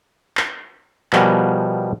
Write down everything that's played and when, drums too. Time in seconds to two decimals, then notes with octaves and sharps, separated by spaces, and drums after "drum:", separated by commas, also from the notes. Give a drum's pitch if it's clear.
0.37 drum: clap
1.13 B2 F3 G3 A#4 F#5 G#5, drum: clap